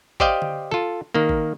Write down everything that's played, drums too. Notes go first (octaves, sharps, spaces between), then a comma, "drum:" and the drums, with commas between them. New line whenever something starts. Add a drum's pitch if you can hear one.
G4 C5 D5 D#5 F5 G5, drum: kick
drum: tom D3
F4 A4
D#3 A#3
drum: kick